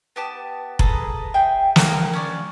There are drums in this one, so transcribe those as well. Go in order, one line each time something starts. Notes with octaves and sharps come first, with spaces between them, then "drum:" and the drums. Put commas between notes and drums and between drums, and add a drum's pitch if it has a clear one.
B3 G4 A5
G#4 A4 B4 A#5, drum: kick F1
G#4 E5 G5
A#3 A#4 F5, drum: snare
C#4 C#5 D5